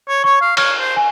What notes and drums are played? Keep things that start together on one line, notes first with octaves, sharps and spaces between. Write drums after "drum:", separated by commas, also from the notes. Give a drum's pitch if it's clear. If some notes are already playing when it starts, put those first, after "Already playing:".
C#5
C#5 C#6
F5
C#5 F6, drum: cymbal
C5
G#5